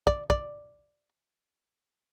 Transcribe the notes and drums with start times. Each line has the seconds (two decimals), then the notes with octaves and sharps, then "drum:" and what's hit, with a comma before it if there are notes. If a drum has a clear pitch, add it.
0.07 D5, drum: kick
0.30 D5, drum: kick